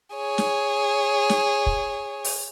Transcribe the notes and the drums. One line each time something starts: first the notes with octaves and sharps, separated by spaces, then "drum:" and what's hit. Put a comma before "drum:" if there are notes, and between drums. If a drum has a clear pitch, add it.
G#4 C#5
drum: snare
drum: snare
drum: kick
drum: open hi-hat